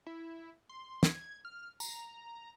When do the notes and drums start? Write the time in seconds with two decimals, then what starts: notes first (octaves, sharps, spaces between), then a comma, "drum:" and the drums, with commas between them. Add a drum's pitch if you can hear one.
0.06 E4
0.69 C6
1.03 G#6, drum: snare
1.45 F6
1.80 A#5, drum: tambourine